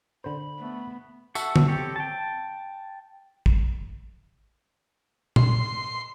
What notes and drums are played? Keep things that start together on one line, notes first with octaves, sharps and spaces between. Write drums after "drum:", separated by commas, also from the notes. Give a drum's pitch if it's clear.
D3 C5 B5
A3 B3
F#4 A4 E5, drum: tambourine
drum: tom
C4 G4 A4 C#5
G5 A5
drum: kick
C6, drum: tom A#2